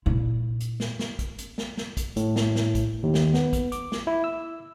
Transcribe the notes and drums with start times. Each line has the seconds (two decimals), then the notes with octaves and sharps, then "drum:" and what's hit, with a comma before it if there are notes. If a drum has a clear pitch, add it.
0.06 A#2 E4
0.60 drum: hi-hat
0.80 drum: snare
0.99 drum: snare
1.19 drum: kick, hi-hat
1.38 drum: hi-hat
1.58 drum: snare
1.77 drum: snare
1.97 drum: kick, hi-hat
2.16 A2, drum: hi-hat
2.36 drum: snare
2.55 drum: snare
2.75 drum: kick, hi-hat
3.03 D#2
3.14 drum: snare
3.34 B3, drum: snare
3.53 drum: kick, hi-hat
3.72 D6, drum: hi-hat
3.92 drum: snare
4.07 E4
4.24 E6